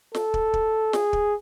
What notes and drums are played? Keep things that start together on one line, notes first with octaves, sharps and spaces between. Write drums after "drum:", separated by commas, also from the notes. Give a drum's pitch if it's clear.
A4, drum: snare
drum: kick
drum: kick
G#4, drum: snare
drum: kick